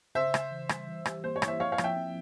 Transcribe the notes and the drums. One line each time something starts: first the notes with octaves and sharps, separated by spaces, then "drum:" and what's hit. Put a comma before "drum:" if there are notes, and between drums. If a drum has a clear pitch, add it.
C#3 C5 E5
C#3, drum: rim click
E3
G3, drum: rim click
E3
G4, drum: rim click
A#3 C5
C#5
E4, drum: rim click
C5 E5
F3 C#5 F5
C#5 F5
F3, drum: rim click
E5 G5
C4